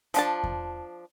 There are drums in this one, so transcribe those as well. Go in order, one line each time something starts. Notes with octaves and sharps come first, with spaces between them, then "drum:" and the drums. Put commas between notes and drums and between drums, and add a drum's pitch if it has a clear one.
F3 D4 A5, drum: hi-hat
drum: kick E2